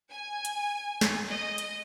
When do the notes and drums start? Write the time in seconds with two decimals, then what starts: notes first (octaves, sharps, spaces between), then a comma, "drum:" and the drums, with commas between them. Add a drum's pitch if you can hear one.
0.11 G#5
0.45 drum: hi-hat
1.01 drum: snare
1.30 D#5
1.58 drum: hi-hat